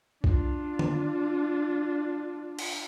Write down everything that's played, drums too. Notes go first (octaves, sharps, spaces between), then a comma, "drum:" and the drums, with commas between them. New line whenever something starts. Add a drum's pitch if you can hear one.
D4 F4, drum: kick B1
drum: tom D3
drum: cymbal